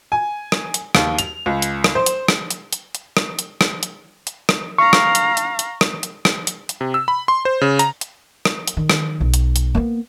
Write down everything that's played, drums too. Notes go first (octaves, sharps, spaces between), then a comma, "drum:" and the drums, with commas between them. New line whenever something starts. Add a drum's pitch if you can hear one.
G#5
drum: rim click
drum: hi-hat
D#2, drum: rim click
F7, drum: hi-hat
C#2
drum: hi-hat
drum: rim click
C5
drum: hi-hat
drum: rim click
drum: hi-hat
drum: hi-hat
drum: hi-hat
drum: rim click
drum: hi-hat
drum: rim click
drum: hi-hat
drum: hi-hat
drum: rim click
F5 A#5 C#6
drum: rim click
drum: hi-hat
drum: hi-hat
drum: hi-hat
drum: rim click
drum: hi-hat
drum: rim click
drum: hi-hat
drum: hi-hat
C3
E6
B5
C6
C5
C#3
A#5, drum: hi-hat
drum: hi-hat
drum: rim click
drum: hi-hat
D#3
drum: rim click
B1
drum: hi-hat
drum: hi-hat
A#3 B3